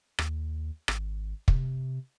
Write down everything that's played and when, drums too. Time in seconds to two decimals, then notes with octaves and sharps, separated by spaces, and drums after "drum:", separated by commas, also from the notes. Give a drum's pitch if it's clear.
0.19 D#2, drum: rim click
0.88 G#1, drum: rim click
1.48 C3, drum: kick